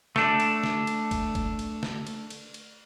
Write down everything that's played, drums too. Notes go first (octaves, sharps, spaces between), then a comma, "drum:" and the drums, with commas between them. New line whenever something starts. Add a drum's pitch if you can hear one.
A3 D4, drum: snare
drum: cymbal
drum: snare
drum: cymbal
drum: kick, cymbal
drum: kick, cymbal
drum: cymbal
drum: snare
drum: cymbal
drum: cymbal
drum: cymbal